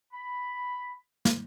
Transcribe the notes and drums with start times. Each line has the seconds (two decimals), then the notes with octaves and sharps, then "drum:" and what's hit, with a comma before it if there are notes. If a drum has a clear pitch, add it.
0.12 B5
1.25 drum: snare